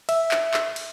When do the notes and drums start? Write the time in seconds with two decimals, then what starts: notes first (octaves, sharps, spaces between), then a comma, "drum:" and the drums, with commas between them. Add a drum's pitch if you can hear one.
0.09 E5, drum: cymbal
0.31 drum: clap
0.54 drum: clap
0.76 drum: cymbal